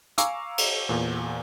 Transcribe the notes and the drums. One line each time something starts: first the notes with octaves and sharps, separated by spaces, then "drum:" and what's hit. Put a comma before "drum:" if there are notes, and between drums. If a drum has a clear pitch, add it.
F5 G#5 A#5 C#6 D6 E6, drum: hi-hat
drum: cymbal
E2 A#2